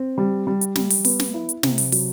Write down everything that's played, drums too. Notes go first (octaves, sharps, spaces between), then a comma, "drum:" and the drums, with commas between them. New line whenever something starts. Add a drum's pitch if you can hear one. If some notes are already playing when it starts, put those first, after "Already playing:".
Already playing: C4
G3
G3
drum: hi-hat
G3, drum: snare
drum: open hi-hat
B3, drum: open hi-hat
drum: snare
E4
drum: hi-hat
C3, drum: snare
drum: open hi-hat
F#3, drum: open hi-hat